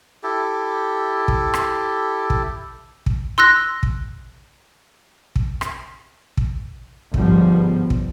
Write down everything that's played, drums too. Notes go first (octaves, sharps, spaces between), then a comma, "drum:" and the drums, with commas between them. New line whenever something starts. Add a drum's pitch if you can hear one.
E4 G4 A4
drum: kick
drum: rim click
drum: kick
drum: kick
C6 E6 F#6 A#6
drum: kick
drum: kick
drum: rim click
drum: kick
G1 C#2 G#2 F3 G3 B3, drum: kick
drum: kick